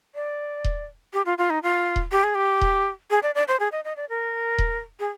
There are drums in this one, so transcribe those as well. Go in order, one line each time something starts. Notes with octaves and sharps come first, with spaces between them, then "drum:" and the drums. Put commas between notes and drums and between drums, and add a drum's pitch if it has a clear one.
D5
drum: kick D#1
G4
F4
F4
D#4
F4
drum: kick D#1
G4
G#4
G4
drum: kick D#1
G#4
D5
D5
C5
G#4
D#5
D#5
D5
A#4
drum: kick D#1
G#4